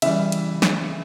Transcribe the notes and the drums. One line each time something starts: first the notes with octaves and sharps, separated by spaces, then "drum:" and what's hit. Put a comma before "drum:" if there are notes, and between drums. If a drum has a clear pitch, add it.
C#3 E3 G3 E5, drum: cymbal
drum: cymbal
drum: snare